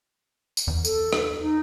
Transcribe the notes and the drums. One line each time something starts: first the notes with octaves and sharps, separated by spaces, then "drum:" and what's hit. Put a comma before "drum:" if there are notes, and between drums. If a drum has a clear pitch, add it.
drum: tambourine
E2
A4, drum: tambourine
drum: rim click
D#4